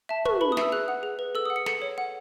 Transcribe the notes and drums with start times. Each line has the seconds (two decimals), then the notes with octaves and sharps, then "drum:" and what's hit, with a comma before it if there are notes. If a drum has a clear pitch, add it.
0.09 E5 A5
0.25 B4 C#6, drum: tom
0.41 B4 B5
0.52 D#6
0.57 E5 E6, drum: snare
0.72 G#4 F#6
0.88 F#5
1.03 G#4
1.19 B4
1.35 A4 E6
1.45 D#6
1.50 F#5
1.56 C#7
1.66 A4 C#7, drum: snare
1.82 C#5
1.98 F#5